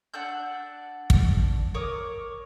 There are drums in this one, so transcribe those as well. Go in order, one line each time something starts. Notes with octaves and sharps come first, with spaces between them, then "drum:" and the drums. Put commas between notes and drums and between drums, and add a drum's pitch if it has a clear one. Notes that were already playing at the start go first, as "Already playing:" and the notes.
D4 F#5 E6 G6
drum: kick
A#4 C#5 D6 D#6